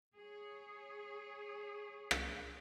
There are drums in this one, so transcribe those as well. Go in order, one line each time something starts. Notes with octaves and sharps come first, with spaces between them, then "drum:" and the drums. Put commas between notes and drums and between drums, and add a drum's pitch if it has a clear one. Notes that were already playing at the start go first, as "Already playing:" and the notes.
G#4 C#5
drum: rim click